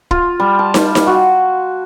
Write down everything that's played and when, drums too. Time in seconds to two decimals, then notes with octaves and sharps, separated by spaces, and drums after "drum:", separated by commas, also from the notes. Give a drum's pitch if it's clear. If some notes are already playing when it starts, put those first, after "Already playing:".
0.11 F4, drum: kick
0.40 G3
0.59 A5
0.74 drum: snare
0.95 drum: snare
1.07 F#4